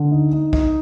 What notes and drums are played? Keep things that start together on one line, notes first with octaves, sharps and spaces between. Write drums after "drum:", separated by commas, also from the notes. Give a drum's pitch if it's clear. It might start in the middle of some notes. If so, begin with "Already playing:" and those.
Already playing: D3
D#4
D#4
D#4, drum: kick